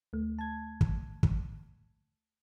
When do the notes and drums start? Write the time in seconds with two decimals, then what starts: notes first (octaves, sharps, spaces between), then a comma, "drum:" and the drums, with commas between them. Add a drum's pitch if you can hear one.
0.13 D2 A3
0.39 A5 G#6
0.81 drum: kick
1.23 drum: kick